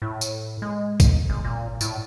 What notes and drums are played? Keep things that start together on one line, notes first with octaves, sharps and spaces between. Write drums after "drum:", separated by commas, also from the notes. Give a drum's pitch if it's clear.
A2
drum: tambourine
G#3
drum: kick, tambourine
G#1
A#2
A2, drum: tambourine